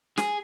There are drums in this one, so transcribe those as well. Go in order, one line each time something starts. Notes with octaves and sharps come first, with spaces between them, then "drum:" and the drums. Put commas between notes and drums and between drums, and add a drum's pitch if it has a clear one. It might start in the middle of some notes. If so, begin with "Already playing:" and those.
G#4, drum: snare